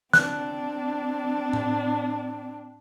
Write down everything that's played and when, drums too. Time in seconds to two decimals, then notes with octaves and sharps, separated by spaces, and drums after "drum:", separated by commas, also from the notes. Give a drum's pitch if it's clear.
0.14 C4 D4 F#6, drum: snare
1.53 drum: tom A2